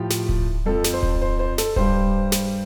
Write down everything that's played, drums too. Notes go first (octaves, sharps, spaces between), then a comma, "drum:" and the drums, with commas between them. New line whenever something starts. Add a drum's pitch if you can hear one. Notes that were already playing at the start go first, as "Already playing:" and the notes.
Already playing: A2 F3 G4
drum: snare
drum: kick D1
F2 F3 A4
drum: snare
C5
drum: kick D1
C5
C5
A4, drum: snare
G2 G3 C5, drum: kick D1
drum: snare